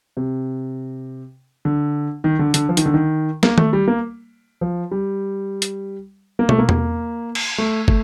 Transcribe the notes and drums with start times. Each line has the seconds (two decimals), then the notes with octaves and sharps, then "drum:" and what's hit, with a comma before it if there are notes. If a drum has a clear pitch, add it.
0.17 C3
1.65 D3
2.24 D#3
2.39 D3
2.54 D3, drum: hi-hat
2.69 F3
2.77 D#3, drum: hi-hat
2.86 D3
2.94 D#3
3.43 A#3, drum: snare
3.58 A3, drum: tom D#3
3.73 G3
3.88 A#3
4.61 F3
4.91 G3
5.62 drum: hi-hat
6.39 A#3
6.49 A3, drum: tom
6.59 A#3
6.69 drum: tom E2
7.35 drum: cymbal
7.58 A3
7.88 A3, drum: kick